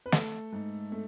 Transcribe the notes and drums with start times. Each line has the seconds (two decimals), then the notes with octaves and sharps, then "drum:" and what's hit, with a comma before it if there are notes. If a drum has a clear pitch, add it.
0.06 B4
0.12 A3 A4, drum: snare
0.52 G#2
0.92 A3